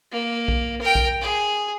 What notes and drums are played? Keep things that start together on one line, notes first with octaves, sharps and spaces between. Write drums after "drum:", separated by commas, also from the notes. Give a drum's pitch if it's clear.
A#3
drum: kick B1
A#4 G5
drum: kick B1
G#4